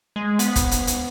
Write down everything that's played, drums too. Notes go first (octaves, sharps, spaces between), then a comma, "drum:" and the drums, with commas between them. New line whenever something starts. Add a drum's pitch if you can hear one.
G#3
B3, drum: hi-hat
drum: kick, hi-hat
drum: hi-hat
drum: hi-hat